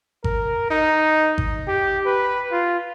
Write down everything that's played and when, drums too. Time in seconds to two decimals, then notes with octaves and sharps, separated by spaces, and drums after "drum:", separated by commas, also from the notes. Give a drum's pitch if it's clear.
0.24 A#4, drum: kick G#1
0.71 D#4
1.38 drum: kick G#1
1.68 G4
2.06 B4
2.52 F4